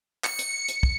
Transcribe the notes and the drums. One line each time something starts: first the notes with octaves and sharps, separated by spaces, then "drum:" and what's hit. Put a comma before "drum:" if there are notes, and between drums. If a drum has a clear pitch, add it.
C#7, drum: clap
drum: hi-hat
drum: hi-hat
drum: kick